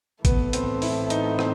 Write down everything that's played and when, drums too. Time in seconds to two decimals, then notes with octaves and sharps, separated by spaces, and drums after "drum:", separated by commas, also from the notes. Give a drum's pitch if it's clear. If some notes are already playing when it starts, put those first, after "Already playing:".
0.25 A2 E3 A3 B3, drum: kick A1, hi-hat
0.53 C4, drum: hi-hat
0.82 E4, drum: open hi-hat
1.10 D#4, drum: hi-hat
1.39 C4, drum: rim click